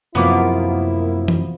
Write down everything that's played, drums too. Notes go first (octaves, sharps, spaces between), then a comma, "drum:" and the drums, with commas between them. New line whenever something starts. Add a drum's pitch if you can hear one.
F#2 C3 F3 A#3 B3 E4 F4 D6
drum: tom E3